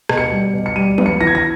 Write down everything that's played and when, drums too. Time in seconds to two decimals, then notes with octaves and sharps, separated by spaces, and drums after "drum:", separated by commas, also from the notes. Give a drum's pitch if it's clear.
0.09 B2, drum: rim click
0.17 C#7
0.32 G3
0.53 B2
0.66 C#7
0.76 G3 D#7
0.98 B3, drum: tom
1.06 C#7
1.21 E3 A#6
1.27 G#6
1.35 A#6